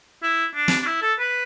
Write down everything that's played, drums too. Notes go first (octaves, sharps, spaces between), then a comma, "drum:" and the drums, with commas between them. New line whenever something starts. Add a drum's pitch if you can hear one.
E4
D4
drum: snare
D4
E4
A4
B4